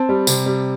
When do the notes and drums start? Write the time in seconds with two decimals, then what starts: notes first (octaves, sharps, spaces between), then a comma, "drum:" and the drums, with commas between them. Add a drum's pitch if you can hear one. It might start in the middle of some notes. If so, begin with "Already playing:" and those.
Already playing: C4 A5
0.09 G3
0.27 C3, drum: tambourine
0.46 G3